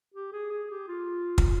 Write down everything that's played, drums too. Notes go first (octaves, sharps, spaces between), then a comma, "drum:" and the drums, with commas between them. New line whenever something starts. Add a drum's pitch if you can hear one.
G4
G#4
G#4
G4
F4
drum: kick